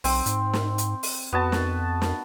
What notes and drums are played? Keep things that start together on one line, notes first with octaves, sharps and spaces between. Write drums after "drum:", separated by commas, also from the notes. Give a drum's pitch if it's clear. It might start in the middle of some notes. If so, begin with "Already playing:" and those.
B1 C4, drum: open hi-hat
G#2, drum: hi-hat
drum: snare
drum: hi-hat
drum: open hi-hat
F2 B3 F#4 A5
drum: snare
drum: snare